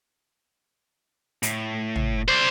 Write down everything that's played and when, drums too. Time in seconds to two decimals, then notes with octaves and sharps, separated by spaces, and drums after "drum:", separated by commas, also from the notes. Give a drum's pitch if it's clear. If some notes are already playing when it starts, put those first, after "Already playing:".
1.43 A2, drum: hi-hat
1.96 drum: tom
2.28 C5 D5